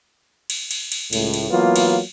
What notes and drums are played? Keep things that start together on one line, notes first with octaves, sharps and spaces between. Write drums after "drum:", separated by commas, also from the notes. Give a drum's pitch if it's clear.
drum: cymbal
drum: cymbal
drum: cymbal
C#2 A2, drum: cymbal
drum: cymbal
E3 F#3 A#3 B3 F4
drum: cymbal